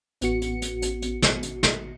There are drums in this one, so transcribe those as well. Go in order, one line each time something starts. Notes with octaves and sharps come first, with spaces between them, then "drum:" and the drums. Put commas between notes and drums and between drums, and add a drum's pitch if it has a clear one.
A1 B3 F#4 C#7, drum: hi-hat
drum: hi-hat
drum: hi-hat
drum: hi-hat
drum: hi-hat
drum: snare
drum: hi-hat
drum: snare